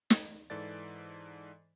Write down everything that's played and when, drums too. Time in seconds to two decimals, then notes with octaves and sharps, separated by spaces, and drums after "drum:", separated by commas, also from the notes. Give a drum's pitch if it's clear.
0.10 drum: snare
0.50 G#2 E3 A4 D5 A6